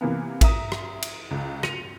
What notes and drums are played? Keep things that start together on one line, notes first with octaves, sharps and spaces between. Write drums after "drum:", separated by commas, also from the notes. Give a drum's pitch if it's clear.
C3 E3 A#3 B3
E5 A#5 D#6, drum: kick A1, cymbal
drum: rim click
drum: cymbal
C#2
C#7 D#7 F7, drum: rim click